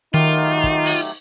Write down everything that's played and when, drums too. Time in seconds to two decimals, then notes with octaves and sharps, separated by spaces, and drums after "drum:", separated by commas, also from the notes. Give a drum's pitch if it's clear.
0.14 D#3 F#3 A3 D#4 F4 G4
0.64 drum: kick
0.85 drum: open hi-hat